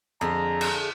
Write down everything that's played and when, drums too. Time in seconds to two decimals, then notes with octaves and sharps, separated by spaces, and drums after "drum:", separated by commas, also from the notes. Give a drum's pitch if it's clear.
0.21 F2 D3 A3 G#4 A#5
0.61 drum: cymbal